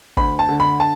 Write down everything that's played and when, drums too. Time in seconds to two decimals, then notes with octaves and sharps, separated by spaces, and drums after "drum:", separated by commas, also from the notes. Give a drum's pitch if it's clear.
0.17 D2 B5, drum: kick
0.39 A5
0.49 D3
0.60 B5
0.80 A5